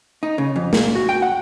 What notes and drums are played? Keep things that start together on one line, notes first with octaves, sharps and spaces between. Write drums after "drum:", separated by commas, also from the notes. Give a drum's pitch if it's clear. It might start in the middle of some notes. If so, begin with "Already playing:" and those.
D#4
C#3
F2
A#2, drum: snare
F#4
G5
F#5